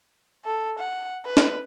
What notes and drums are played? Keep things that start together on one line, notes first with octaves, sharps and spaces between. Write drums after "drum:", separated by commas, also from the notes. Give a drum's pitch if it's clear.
A4
F#5
B4
drum: snare